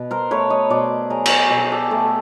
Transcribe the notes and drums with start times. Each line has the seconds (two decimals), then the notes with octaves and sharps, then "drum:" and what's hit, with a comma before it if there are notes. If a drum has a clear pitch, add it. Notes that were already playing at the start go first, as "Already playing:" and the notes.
Already playing: B2
0.11 A#4 C5
0.31 A3 B4 C#5
0.50 C#5 D#5
0.70 B2 C5 D5
1.10 F#3 G#4 A#4
1.26 drum: cymbal
1.50 B2 A#4
1.58 A4
1.64 G#4
1.72 G4 A4
1.91 A3